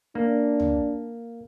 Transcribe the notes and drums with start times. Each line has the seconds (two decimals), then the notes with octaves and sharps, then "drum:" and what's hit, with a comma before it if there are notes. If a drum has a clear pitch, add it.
0.15 A#3 D4
0.60 drum: tom